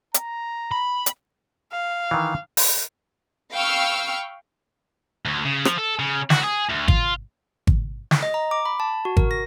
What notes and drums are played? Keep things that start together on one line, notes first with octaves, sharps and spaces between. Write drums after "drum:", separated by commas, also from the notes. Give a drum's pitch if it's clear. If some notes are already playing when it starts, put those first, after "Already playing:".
A#5, drum: hi-hat
B5
drum: hi-hat
F5
D#3 E3
drum: open hi-hat
F5 G5 B5 C#6 E6 F6
D2
C#3
F3, drum: rim click
A4
C#3
F#4, drum: snare
G#4
D2
F4, drum: kick G#1
drum: kick G#1
drum: snare
D#5
A#5
D6
B5
A5
F#4
A#4, drum: kick G#1
A#6